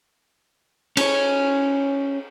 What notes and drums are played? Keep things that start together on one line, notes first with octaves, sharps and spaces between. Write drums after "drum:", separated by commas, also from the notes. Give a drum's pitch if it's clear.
C#4 C#5, drum: cymbal